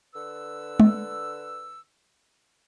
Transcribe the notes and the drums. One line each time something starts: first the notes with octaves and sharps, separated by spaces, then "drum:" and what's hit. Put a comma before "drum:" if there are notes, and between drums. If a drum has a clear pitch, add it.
D3 B4 E6
drum: tom G#3